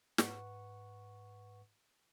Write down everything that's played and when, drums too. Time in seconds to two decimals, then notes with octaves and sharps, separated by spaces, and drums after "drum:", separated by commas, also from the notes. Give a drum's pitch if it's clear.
0.18 G#2 B4 F#5 C#6, drum: snare